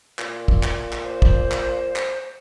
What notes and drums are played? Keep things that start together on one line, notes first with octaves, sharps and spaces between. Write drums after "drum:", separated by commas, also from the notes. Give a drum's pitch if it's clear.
A#2, drum: clap
drum: kick
drum: clap
drum: clap
C5
drum: kick
drum: clap
drum: clap